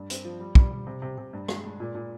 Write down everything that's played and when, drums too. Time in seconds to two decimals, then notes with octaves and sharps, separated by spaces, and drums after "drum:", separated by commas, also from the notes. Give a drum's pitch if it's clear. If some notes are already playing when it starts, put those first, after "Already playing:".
Already playing: G2
0.10 C4, drum: hi-hat
0.25 F3
0.40 G3
0.55 G3, drum: kick
0.72 G3
0.87 C3
1.02 C3
1.18 C3
1.33 G2
1.48 G#3, drum: rim click
1.64 G#3
1.80 A#2
1.95 A#2